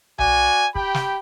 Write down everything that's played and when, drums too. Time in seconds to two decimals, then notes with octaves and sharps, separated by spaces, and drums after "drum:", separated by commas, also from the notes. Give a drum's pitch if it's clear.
0.19 F#4 D5 G#5, drum: tom B1
0.75 G4 G5 B5, drum: kick
0.94 drum: snare